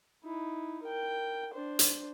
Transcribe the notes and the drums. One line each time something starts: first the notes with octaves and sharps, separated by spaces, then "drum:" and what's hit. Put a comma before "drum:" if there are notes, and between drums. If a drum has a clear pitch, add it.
D#4 E4
A#4 G5
D4 C5
drum: hi-hat